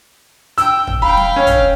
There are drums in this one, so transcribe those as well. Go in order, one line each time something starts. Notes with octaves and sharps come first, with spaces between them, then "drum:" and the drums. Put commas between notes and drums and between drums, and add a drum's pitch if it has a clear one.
G5 E6, drum: hi-hat
drum: kick
F5 G5 B5
drum: snare
C#4
drum: kick, hi-hat